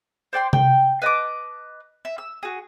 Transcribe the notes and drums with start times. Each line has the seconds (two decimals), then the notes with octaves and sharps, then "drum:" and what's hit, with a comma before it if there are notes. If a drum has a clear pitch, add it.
0.33 C5 D5 G5 C6
0.53 G5, drum: tom C3
1.02 B4 D#5 A5 D6
2.05 E5
2.18 E6
2.43 F#4 G#4